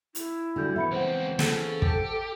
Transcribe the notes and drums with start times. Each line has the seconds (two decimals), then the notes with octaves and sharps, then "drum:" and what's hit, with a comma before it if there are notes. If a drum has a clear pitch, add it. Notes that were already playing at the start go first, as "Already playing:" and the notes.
0.15 E4, drum: hi-hat
0.56 D3 G3 D4 F#4 G6
0.76 E3 B3 E5 B5 C#7
0.92 C#2 C4 C5 F#5
1.39 C#3 A4, drum: snare
1.82 G4, drum: kick